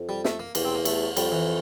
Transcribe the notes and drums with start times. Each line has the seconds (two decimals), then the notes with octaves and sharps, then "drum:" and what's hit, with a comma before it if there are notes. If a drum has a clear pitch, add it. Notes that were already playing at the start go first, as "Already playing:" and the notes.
Already playing: F2
0.09 G3
0.25 A3, drum: snare
0.39 A#3
0.55 E2 A#3, drum: cymbal
0.65 C4
0.75 A#3
0.85 A3, drum: cymbal
1.17 F2 G3, drum: cymbal
1.32 E3